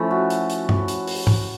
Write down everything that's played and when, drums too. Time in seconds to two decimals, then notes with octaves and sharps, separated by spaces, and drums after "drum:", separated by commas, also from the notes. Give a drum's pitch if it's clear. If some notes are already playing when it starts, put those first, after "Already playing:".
Already playing: F3 A3 C#4 E4
0.11 F#4
0.30 drum: hi-hat
0.50 drum: hi-hat
0.69 drum: tom G2
0.88 drum: hi-hat
1.07 drum: open hi-hat
1.27 drum: tom G#2